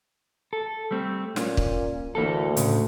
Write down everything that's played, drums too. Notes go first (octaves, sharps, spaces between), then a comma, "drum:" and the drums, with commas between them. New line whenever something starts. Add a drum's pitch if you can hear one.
A4
G3 A3 C4
A#2 C#4, drum: snare
drum: kick
D2 E3 A#3 A4
A2 C#3, drum: hi-hat